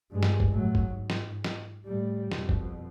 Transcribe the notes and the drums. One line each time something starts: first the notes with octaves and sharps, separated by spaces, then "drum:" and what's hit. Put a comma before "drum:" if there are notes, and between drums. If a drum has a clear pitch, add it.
G2 G#3
drum: snare
drum: kick
A2 F#3
drum: kick
G#2
drum: snare
drum: snare
A2 G3
F2 B2, drum: snare
drum: kick